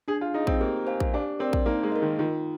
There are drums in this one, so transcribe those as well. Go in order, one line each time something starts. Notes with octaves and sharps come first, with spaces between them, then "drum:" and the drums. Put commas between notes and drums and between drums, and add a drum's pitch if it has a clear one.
D4 G#4
F4
D#4 G#4 D#5
C4, drum: kick A#1
A#3 G4
C5 F5 G#5
drum: kick A#1
D4 G4
C4 A#4 D5
drum: kick A#1
A#3 D#4
G#3
A#4 D#5
D#3
D#3 F4